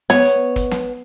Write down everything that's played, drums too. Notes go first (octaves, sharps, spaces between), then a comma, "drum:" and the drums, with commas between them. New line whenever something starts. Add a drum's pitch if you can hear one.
B3 C#5, drum: snare
drum: hi-hat
drum: kick, hi-hat
drum: snare